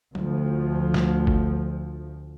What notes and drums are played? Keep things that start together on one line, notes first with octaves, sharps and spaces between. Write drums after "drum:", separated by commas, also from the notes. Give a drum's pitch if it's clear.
D2 F3, drum: tom
drum: snare
drum: kick G1